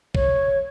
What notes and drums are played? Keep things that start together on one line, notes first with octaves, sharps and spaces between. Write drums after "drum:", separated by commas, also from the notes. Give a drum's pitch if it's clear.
C#5, drum: kick